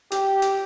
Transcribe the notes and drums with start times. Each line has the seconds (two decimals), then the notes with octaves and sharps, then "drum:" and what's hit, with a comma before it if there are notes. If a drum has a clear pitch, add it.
0.12 G4, drum: hi-hat
0.42 drum: hi-hat